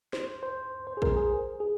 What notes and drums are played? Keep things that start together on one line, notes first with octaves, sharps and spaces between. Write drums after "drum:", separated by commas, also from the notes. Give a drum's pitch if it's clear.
C5, drum: snare
C5
C5
G#4
A#4, drum: kick A#1
G#4
G#4